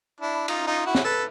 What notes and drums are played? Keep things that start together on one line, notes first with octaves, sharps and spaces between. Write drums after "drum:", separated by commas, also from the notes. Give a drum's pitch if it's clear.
D4 E4
D#4 F4, drum: cymbal
D#4 F4
E4 F#4
drum: snare
A4 B4